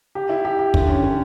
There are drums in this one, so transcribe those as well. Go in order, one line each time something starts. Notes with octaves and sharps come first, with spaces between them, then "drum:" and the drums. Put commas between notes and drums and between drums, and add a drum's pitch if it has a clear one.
G4
E4
G4
G4
D3, drum: kick
C#4
D3